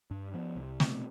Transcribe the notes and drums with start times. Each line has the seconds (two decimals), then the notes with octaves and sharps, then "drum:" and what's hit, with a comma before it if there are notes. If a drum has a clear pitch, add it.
0.11 G2
0.34 F3 B3
0.56 C2
0.80 B2 A3 C4, drum: snare